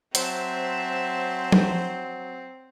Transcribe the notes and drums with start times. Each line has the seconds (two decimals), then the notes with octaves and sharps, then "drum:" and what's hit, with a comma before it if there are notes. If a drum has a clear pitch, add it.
0.15 F#3 C4 C5 E5 A5, drum: hi-hat
1.52 drum: tom F3